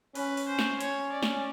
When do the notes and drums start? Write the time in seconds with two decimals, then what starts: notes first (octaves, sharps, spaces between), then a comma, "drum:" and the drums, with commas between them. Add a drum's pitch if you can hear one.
0.15 C#4 B4, drum: open hi-hat
0.37 drum: open hi-hat
0.48 C5
0.59 drum: snare
0.81 C#5, drum: hi-hat
1.12 D5
1.23 drum: snare